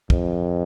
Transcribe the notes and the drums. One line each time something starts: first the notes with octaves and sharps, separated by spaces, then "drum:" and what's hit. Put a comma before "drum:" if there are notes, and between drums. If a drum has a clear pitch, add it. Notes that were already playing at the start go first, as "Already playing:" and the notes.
F2, drum: kick